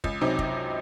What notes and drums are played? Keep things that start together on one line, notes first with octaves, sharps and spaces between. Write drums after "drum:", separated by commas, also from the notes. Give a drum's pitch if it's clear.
C#2, drum: kick
C3 F#3 C4 D#4
drum: kick